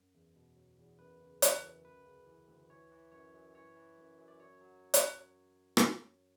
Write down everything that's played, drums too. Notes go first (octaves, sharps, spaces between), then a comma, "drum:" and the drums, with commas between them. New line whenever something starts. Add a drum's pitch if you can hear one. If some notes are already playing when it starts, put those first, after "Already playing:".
Already playing: F#2
E2
B2
F#3
E2
F#2 B4
C#3
E3, drum: hi-hat
F#2
D2 B4
C#3
E3
D2
E3 C#5
E3
F#2 C#5
F#2
E3 C#5
E3
F#2
F#2
D5
F#3 C#5
F#3
drum: hi-hat
drum: rim click